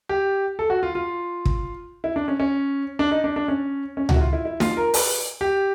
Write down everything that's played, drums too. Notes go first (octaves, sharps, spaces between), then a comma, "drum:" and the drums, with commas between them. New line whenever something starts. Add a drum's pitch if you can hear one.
G4
A4
F#4
F4
F4
drum: kick
E4
D4
C#4
C#4
D4
D#4
D4
D4
C#4
C#4
F#4, drum: tom C#2
E4
F4
E4
E4
F4, drum: snare
A#4
B4, drum: open hi-hat
G4